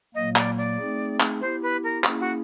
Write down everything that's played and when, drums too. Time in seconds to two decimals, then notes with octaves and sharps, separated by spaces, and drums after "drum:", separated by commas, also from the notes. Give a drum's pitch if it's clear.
0.14 A#2 F#3 A#3 D#5
0.36 D5, drum: clap
0.57 D5
0.78 A3 C4 D#4 G#4
1.20 drum: clap
1.41 B3 E4 G4 C5
1.62 B4
1.83 A#4
2.04 A#3 C#4 E4 G#4, drum: clap
2.20 F#4